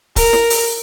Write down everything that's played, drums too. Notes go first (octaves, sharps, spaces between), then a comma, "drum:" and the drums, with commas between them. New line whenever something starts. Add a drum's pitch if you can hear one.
A#4, drum: kick D1, open hi-hat
drum: snare
drum: open hi-hat